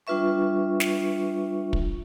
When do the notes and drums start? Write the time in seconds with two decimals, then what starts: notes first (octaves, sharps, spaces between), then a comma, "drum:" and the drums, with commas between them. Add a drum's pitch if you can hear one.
0.07 G3 D4 F4 B4 E5 C#6
0.80 drum: snare
1.73 drum: kick